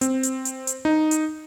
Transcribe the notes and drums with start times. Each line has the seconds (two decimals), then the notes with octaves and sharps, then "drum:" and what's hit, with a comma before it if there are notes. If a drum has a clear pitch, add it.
0.01 C4, drum: hi-hat
0.23 drum: hi-hat
0.45 drum: hi-hat
0.67 drum: hi-hat
0.85 D#4
1.11 drum: hi-hat